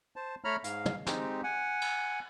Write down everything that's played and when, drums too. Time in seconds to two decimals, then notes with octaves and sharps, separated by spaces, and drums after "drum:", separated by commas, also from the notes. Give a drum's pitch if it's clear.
0.16 C5 A5
0.44 A3 C#5 A#5 B5 F6
0.64 G#2 F5, drum: hi-hat
0.86 drum: tom
1.07 G#3 C4 D#4 G4, drum: snare
1.44 F#5 G#5
1.81 drum: cymbal